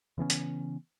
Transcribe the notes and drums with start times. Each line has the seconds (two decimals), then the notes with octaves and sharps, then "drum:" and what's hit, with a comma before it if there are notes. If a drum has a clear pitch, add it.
0.18 C#3 E3 B3 C#4
0.30 drum: hi-hat